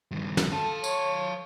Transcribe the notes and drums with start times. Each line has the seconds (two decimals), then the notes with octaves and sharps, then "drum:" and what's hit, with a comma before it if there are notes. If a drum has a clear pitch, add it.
0.11 G2 D#3
0.37 drum: snare
0.52 A4 F5 A5
0.84 C#5, drum: tambourine